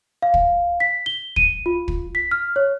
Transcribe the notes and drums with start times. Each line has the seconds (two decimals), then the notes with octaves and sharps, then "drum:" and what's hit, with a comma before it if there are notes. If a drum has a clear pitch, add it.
0.22 F5
0.34 drum: kick
0.80 B6
1.06 G7
1.36 D#7, drum: kick
1.66 F4
1.88 drum: kick
2.15 B6
2.31 F6
2.56 C#5